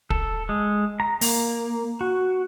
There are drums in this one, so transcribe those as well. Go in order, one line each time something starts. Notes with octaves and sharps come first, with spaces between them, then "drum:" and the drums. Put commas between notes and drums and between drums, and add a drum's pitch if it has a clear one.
A4, drum: kick
G#3
A#5
A#3, drum: open hi-hat
F#4